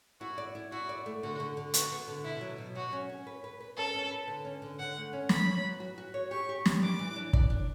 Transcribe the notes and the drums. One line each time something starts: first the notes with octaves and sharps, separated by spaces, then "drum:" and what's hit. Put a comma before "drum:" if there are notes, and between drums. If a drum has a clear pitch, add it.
E4 F#4
D5
E4
E4 F#4
D5
A3
D3 F#4
D3
D3
B3 F#4, drum: hi-hat
B3
D3
B2 E4
F#3
B2
F#3 F#4
C#4
C#4
B4
B4
B4
C#4 A4
C#4
B4
D3
C#4
D3
D3 F#5
A3
C#4
B3 B5, drum: snare
C#5
F#3
F#4
F#4
C#5
G4 C#6
G4
G3, drum: snare
D4 D6
E3
D4
D5, drum: kick
D4